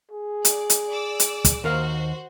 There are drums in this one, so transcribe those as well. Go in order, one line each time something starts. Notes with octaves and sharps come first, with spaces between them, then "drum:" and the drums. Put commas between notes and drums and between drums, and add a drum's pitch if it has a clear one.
G#4
D5, drum: hi-hat
drum: hi-hat
D5 D6 E6
drum: hi-hat
drum: kick, hi-hat
D#2 F#4 A#4 C5 F5